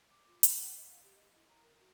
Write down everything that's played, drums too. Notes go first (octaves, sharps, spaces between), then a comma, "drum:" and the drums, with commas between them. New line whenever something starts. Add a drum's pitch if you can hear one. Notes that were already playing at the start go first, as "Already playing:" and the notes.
D6
F4
B5, drum: hi-hat
F#5
D#5
F5
G4
D#5
E4
A#5
A#4
F#4